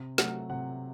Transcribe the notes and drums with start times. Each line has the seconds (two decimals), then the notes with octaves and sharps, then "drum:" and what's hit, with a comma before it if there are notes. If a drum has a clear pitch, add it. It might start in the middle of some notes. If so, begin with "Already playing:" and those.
Already playing: C3
0.18 F#3 A3 F#5, drum: snare
0.50 C3 F#5